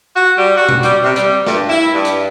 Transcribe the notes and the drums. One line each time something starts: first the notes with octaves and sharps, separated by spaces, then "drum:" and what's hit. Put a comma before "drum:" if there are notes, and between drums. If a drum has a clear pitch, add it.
F#4
G3
F#4
drum: tom B2
G3, drum: hi-hat
C3
G3, drum: hi-hat
G2, drum: snare
E4
G2
drum: hi-hat